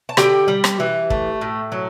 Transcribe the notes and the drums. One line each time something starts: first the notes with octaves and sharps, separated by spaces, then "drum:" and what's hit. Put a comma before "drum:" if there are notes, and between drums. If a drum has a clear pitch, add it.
A5
D3 G4 G5, drum: rim click
G3
drum: rim click
E3
A3, drum: kick
A2
F#3